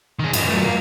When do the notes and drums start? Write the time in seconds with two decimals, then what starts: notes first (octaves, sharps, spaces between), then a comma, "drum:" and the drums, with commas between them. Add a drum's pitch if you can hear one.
0.19 D#3 G#4
0.33 F#2 D#5, drum: cymbal
0.50 F#3 A3
0.64 A#3